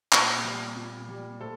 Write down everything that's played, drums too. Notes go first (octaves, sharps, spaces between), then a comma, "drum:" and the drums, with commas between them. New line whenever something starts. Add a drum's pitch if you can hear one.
A#2, drum: clap
G3
A#2
G3
A2 A4 C5